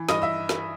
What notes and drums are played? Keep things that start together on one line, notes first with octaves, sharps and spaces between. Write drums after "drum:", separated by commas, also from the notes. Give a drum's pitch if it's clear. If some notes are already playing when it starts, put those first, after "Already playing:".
Already playing: E3
G2 D#5 D#6, drum: snare
E5 E6
drum: snare